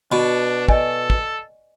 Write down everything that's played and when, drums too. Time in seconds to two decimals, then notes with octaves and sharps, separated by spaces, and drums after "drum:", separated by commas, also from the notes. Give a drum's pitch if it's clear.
0.12 B2 D4 B5
0.68 A4 D5 D#5 G#5, drum: kick
1.10 drum: kick